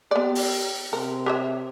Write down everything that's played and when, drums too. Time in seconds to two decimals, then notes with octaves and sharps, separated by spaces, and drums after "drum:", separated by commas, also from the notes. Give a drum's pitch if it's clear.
0.11 B3 G4 D5
0.35 drum: open hi-hat
0.93 C3 A#4
1.26 G4 C#5 E5